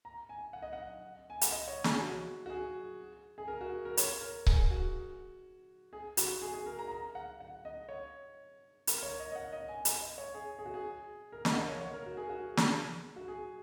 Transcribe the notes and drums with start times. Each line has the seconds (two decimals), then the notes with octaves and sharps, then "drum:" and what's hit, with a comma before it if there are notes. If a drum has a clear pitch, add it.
0.05 A#5
0.29 G#5
0.53 F#5
0.62 D#5
0.73 F#5
1.30 G#5
1.41 F#5, drum: hi-hat
1.52 D#5
1.68 C#5
1.84 G#4, drum: snare
2.01 F#4
2.46 F#4
2.50 G#4
3.38 G#4
3.48 A#4
3.61 F#4
3.85 A#4
3.97 C#5, drum: hi-hat
4.21 A#4
4.46 G#4, drum: kick C#1
4.70 F#4
5.93 G#4
6.17 F#4, drum: hi-hat
6.42 G#4
6.54 G#4
6.66 A#4
6.79 A#5
6.91 A#5
7.15 F#5
7.41 F#5
7.65 D#5
7.89 C#5
8.87 A#4, drum: hi-hat
8.98 A#4
9.03 C#5
9.20 D#5
9.32 D#5
9.35 F#5
9.53 D#5
9.68 G#5
9.85 G#5, drum: hi-hat
10.02 D#5
10.18 C#5
10.34 G#4
10.59 G#4
10.66 F#4
10.74 G#4
11.32 A#4
11.45 D#5, drum: snare
11.53 F#5
11.57 D#5
11.68 C#5
11.81 C#5
11.93 A#4
12.06 F#4
12.17 G#4
12.30 F#4
12.57 drum: snare
13.16 F#4
13.28 G#4